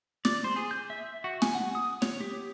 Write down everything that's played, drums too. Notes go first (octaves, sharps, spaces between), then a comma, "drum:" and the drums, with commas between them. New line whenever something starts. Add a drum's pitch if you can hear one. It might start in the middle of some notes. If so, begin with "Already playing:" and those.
D5, drum: snare
C5
G#4
G6
E5
F#4
G#5, drum: snare
F#5
D#6
C#5, drum: snare
G4